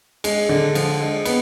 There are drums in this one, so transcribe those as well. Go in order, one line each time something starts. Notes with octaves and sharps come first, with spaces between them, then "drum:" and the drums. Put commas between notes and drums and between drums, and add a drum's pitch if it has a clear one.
G#3, drum: cymbal
D3
F3, drum: cymbal
G#3
B3, drum: cymbal